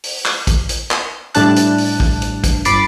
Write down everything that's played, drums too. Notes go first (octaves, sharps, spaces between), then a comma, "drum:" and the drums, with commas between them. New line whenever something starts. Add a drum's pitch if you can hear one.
drum: open hi-hat
drum: clap
drum: kick, hi-hat
drum: hi-hat
drum: clap
A2 G3 D4 A5 F#6, drum: hi-hat
drum: hi-hat
drum: open hi-hat
drum: kick
drum: hi-hat
drum: kick, hi-hat
G1 B5 D6 A6 C7 D7, drum: hi-hat